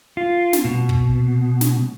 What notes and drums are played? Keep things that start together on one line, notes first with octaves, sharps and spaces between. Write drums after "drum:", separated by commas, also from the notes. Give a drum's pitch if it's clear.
F4
drum: snare
B2
drum: kick
drum: snare